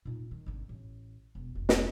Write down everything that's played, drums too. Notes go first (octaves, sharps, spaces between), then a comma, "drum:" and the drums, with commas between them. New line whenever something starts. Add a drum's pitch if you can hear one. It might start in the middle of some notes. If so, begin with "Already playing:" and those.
A#2 D#4
D#3
G#1 D3
A1
E1
F1 D2
drum: snare